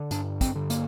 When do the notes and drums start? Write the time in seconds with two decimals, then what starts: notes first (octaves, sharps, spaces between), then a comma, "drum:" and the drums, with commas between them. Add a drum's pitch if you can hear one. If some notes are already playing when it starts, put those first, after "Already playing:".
Already playing: D3
0.11 G2 D4, drum: hi-hat
0.41 C4, drum: kick, hi-hat
0.56 D3
0.70 A#3, drum: hi-hat